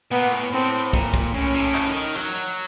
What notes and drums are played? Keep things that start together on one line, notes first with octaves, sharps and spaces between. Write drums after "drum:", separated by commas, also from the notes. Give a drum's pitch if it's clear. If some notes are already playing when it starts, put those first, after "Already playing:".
A#2 B3
A2
A2 C4
A#2, drum: kick
drum: kick
A2 C#4
A#2
A2
drum: clap
D#3
F#3